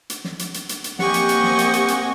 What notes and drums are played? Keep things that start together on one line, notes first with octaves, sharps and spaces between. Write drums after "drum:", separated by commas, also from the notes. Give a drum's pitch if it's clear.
drum: hi-hat
drum: snare
drum: hi-hat
drum: hi-hat
drum: hi-hat
drum: hi-hat
A#3 C4 G4 D#5 F#5 G#5 C#6, drum: snare
drum: hi-hat
drum: hi-hat
drum: snare
drum: hi-hat
drum: hi-hat
drum: hi-hat